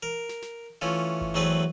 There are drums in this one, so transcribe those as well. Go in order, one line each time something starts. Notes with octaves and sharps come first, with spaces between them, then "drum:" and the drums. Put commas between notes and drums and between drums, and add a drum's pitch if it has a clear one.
A#4
drum: snare
drum: snare
E3 A3 C#4 F4
drum: kick G1
E2 F#3 A3 C4 G#4 B4